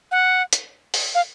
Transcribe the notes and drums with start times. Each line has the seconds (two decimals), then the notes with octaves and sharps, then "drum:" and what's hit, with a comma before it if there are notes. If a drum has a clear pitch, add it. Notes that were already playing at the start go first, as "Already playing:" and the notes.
0.11 F#5
0.53 drum: hi-hat
0.94 drum: open hi-hat
1.14 F5